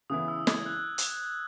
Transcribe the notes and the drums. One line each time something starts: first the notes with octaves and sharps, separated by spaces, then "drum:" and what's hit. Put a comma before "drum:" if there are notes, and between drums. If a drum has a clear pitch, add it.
C#3 E3 B3 E4 D#6
E6
G#6, drum: snare
F#6
drum: hi-hat